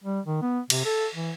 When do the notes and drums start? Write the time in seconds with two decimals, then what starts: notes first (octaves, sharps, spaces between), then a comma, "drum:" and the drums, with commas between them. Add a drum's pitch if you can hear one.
0.04 G3
0.25 D#3
0.42 B3
0.70 C3, drum: cymbal
0.85 A4
1.15 E3